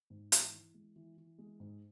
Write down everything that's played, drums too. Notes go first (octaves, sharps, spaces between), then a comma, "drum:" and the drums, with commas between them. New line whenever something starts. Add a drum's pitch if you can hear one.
G#2
E3, drum: hi-hat
E3
G#3
E3
E3
G#3
G#2